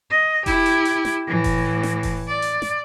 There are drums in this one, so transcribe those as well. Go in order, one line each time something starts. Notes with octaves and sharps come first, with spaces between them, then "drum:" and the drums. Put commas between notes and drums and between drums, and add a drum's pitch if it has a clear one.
D#5
E4 G4, drum: kick F1, open hi-hat
drum: hi-hat
drum: hi-hat
drum: snare
A2 E3
drum: kick F1, open hi-hat
drum: snare
drum: kick F1, open hi-hat
D5
drum: hi-hat
drum: snare